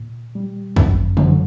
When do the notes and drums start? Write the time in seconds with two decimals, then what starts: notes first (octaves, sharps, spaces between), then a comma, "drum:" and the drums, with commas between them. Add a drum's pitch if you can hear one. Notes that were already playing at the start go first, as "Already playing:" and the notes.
Already playing: A#2
0.35 G3
0.76 F#2, drum: kick
1.17 D3 F#3, drum: tom E3